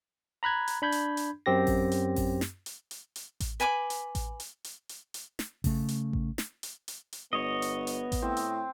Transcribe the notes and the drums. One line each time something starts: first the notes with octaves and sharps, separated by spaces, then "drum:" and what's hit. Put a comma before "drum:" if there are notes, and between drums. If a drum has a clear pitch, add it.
A#5 B5 F#6 G#6
drum: hi-hat
D4 B5 G6 G#6
drum: hi-hat
drum: hi-hat
F#2 C4 G4 A#6
drum: kick A1, open hi-hat
drum: hi-hat
drum: kick A1, open hi-hat
drum: snare
drum: hi-hat
drum: hi-hat
drum: hi-hat
drum: kick A1, hi-hat
B4 G#5 B5 D6
drum: hi-hat
drum: kick A1, hi-hat
drum: hi-hat
drum: hi-hat
drum: hi-hat
drum: hi-hat
drum: snare
C#3 A3, drum: kick A1, open hi-hat
drum: hi-hat
drum: kick A1
drum: snare
drum: hi-hat
drum: hi-hat
drum: hi-hat
G1 B3 C#5 D#5
drum: hi-hat
drum: hi-hat
drum: kick A1, hi-hat
A2 C4
drum: hi-hat